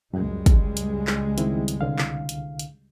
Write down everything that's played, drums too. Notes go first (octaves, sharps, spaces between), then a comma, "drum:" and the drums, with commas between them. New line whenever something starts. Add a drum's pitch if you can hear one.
C#2 F#2 G3 G#3
drum: kick, hi-hat
drum: hi-hat
drum: clap
D#3 C4 E4, drum: hi-hat
drum: hi-hat
C2 D3 F5
drum: clap
drum: hi-hat
drum: hi-hat